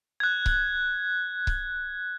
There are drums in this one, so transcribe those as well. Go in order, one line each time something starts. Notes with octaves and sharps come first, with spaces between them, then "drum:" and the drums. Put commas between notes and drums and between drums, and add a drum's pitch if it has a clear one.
F#6 G#6
drum: kick C#1
drum: kick C#1